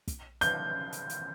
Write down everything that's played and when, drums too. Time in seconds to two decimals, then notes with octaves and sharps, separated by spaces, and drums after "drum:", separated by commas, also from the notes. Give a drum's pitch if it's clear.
0.08 drum: kick, hi-hat
0.41 G6, drum: hi-hat
0.92 drum: hi-hat
1.09 drum: hi-hat